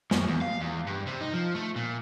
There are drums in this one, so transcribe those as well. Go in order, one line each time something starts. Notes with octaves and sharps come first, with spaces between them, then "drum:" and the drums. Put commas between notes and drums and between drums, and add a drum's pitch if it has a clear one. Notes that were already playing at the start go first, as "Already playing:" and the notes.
F#2, drum: snare
E2
F5
E2
G2
C3
D#4
F3
A3
A#2